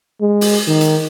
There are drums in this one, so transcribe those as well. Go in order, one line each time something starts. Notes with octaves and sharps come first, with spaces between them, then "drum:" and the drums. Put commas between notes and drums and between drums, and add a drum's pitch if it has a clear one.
G#3
drum: open hi-hat
D#3
drum: hi-hat